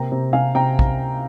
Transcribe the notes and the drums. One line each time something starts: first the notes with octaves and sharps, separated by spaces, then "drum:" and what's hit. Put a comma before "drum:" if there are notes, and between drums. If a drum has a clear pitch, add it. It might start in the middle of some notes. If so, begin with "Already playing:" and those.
Already playing: C3 A#3 G5 A#5
C3
C3 F5 G#5
C3 G5 A#5
drum: kick